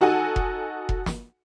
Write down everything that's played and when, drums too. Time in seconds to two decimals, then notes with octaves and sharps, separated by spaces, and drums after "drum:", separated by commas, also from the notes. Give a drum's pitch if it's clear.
0.01 D#4 F#4 A4 F#5 G#5
0.36 drum: kick F1
0.89 drum: kick F1
1.06 drum: snare